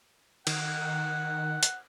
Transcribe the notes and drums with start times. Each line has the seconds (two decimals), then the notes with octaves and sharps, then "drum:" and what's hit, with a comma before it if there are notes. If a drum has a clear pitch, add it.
0.47 D#3 F#5, drum: cymbal
1.63 drum: hi-hat